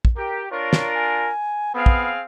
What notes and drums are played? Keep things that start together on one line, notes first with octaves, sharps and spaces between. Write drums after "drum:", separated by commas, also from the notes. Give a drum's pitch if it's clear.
drum: kick
G4 A#4
D4 F4 A#4 C#5
drum: snare
G#5
B3 C4 G#4 F5
drum: kick